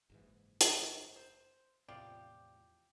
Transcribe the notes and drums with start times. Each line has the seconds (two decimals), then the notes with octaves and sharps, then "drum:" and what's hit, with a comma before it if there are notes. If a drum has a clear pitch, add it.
0.10 F#1 G#2 E3
0.61 drum: hi-hat
1.16 C5
1.88 E2 A2 C3 F3 F4 G4 D5